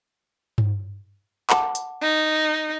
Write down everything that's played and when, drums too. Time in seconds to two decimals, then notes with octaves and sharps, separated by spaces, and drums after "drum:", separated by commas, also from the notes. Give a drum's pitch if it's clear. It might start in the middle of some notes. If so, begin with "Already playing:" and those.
0.58 drum: tom G2
1.50 F#5 A5 D6, drum: clap
1.75 drum: hi-hat
2.02 D#4